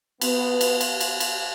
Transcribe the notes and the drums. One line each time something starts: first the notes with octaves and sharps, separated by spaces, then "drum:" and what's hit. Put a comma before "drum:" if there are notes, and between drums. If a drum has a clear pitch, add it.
B3, drum: cymbal
drum: cymbal
drum: cymbal
drum: cymbal
drum: cymbal